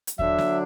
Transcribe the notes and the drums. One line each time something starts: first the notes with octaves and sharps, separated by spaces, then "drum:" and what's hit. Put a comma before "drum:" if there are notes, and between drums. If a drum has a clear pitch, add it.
drum: hi-hat
D3 F#3 D4 E5, drum: kick D#2
drum: snare